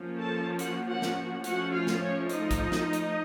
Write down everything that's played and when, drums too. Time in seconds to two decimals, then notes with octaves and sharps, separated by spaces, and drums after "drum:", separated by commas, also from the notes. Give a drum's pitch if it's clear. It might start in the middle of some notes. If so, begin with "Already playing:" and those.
Already playing: F3 A#3 C#4
0.18 A4 A5
0.59 F#4 F#5, drum: hi-hat
0.88 F#4 F#5
1.02 drum: snare
1.16 F#4 F#5
1.44 F3 A3 C#4 F#4 F#5, drum: hi-hat
1.72 F4 F5
1.87 drum: snare
2.01 C#4 C#5
2.29 D#4 D#5, drum: hi-hat
2.51 drum: kick, hi-hat
2.72 drum: snare
2.93 drum: hi-hat